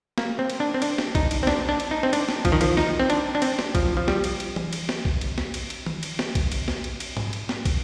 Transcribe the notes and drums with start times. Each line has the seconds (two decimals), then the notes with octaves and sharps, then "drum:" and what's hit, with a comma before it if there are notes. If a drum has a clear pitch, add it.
0.18 A#3, drum: snare
0.39 C4
0.50 drum: cymbal
0.60 D4
0.74 C4
0.82 D4, drum: cymbal
0.98 drum: snare
1.15 D#4, drum: kick, cymbal
1.31 drum: cymbal
1.43 C4
1.47 D4, drum: snare
1.69 D4
1.80 drum: cymbal
1.91 D#4
2.03 C4
2.13 D4, drum: cymbal
2.29 drum: snare
2.45 F3, drum: kick, cymbal
2.52 D#3
2.61 F3, drum: cymbal
2.77 D#4, drum: snare
2.99 C4
3.10 D4, drum: cymbal
3.35 D4
3.42 C4, drum: cymbal
3.59 drum: snare
3.75 F3, drum: kick, cymbal
3.97 F3
4.08 G3, drum: snare
4.24 drum: cymbal
4.40 drum: cymbal
4.56 drum: tom E3
4.73 drum: cymbal
4.89 drum: snare
5.05 drum: kick
5.21 drum: cymbal
5.38 drum: snare
5.54 drum: cymbal
5.70 drum: cymbal
5.86 drum: tom
6.03 drum: cymbal
6.19 drum: snare
6.35 drum: kick, cymbal
6.52 drum: cymbal
6.68 drum: snare
6.84 drum: cymbal
7.00 drum: cymbal
7.17 drum: tom G#2
7.33 drum: cymbal
7.49 drum: snare
7.65 drum: kick, cymbal